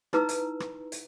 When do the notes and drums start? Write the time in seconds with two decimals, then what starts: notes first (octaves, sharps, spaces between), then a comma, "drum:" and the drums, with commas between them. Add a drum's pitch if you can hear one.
0.13 D#4 E4 B4 A#5 D6 E6, drum: rim click
0.29 drum: hi-hat
0.60 drum: rim click
0.92 drum: hi-hat